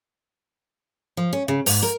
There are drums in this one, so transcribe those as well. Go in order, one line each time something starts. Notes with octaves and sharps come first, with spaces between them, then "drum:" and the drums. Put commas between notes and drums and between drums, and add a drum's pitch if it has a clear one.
F3
C#4
C#3
G#2, drum: open hi-hat
A#4